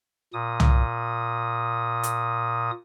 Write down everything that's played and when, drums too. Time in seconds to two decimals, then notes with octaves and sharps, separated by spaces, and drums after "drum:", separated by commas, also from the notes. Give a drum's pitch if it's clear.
0.33 A#2 D#6
0.60 drum: tom
2.03 drum: hi-hat